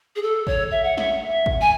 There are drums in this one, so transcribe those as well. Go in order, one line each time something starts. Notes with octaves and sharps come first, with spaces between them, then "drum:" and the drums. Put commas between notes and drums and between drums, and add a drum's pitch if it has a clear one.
G#4
A4
C#5, drum: kick
E5
F#5
E5, drum: snare
drum: kick
G#5